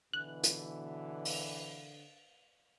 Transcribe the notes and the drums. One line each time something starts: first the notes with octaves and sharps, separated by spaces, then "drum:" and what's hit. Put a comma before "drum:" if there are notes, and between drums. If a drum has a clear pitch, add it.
B2 D3 E3 F#6
drum: hi-hat
drum: open hi-hat